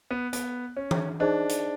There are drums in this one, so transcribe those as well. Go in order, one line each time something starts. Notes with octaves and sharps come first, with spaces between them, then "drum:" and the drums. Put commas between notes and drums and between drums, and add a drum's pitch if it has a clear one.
B3
B3, drum: hi-hat
C#4
drum: tom E3
D4 D#4 G#4 C5 D#5
drum: hi-hat